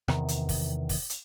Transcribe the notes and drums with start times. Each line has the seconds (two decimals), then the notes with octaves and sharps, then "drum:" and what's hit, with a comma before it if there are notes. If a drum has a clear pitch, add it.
0.08 E2 C3 D#3, drum: rim click
0.28 drum: hi-hat
0.49 drum: kick, open hi-hat
0.89 drum: kick, open hi-hat
1.10 drum: hi-hat